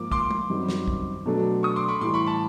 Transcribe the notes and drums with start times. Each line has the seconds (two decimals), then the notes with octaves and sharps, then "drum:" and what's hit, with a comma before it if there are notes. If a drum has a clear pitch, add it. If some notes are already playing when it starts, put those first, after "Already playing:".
Already playing: G#2 F3 A#3 D6
0.12 C6 D6, drum: kick
0.31 drum: tom
0.50 F#2 D#3 G3 C4
0.69 drum: snare
0.88 drum: kick
1.26 B2 F#3 A3 D4
1.63 C#6 D#6
1.76 C6 D6
1.88 B5 C#6
2.01 A2 E3 G3 C6 D6
2.14 B5 C#6
2.26 A5 B5